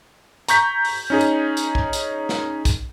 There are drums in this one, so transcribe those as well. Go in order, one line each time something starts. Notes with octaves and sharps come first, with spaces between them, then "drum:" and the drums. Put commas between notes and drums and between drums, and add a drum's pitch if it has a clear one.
A#5 C#6 G6 B6, drum: hi-hat
drum: open hi-hat
C#4 D#4 G#4
drum: hi-hat
drum: hi-hat
drum: kick
drum: hi-hat
drum: snare
drum: kick, hi-hat